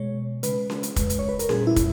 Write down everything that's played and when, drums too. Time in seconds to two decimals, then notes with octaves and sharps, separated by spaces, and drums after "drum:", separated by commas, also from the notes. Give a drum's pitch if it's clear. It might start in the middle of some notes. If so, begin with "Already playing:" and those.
Already playing: B2 G#3 C#5
0.43 C#3 G#3 B4, drum: hi-hat
0.70 drum: snare C#4
0.83 drum: hi-hat
0.96 C#3 G#3, drum: kick, hi-hat
1.10 drum: hi-hat
1.19 C#5
1.29 B4
1.39 A#4, drum: hi-hat
1.49 A#2 G3 G#4, drum: snare C#4
1.67 E4
1.76 drum: kick, hi-hat